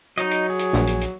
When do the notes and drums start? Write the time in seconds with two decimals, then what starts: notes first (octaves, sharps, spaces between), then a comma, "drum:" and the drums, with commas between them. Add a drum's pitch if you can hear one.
0.18 F#3 D#4 D#5, drum: hi-hat
0.31 drum: hi-hat
0.50 G#4
0.59 drum: hi-hat
0.73 A#1, drum: snare
0.87 drum: hi-hat
1.01 drum: hi-hat